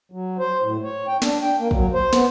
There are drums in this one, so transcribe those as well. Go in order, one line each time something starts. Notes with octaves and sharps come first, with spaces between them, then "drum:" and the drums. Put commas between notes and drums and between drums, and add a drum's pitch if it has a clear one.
F#3
C5
A2
C#5
G5
D4, drum: snare
G5
A#3
F#3, drum: kick
C5
B3, drum: snare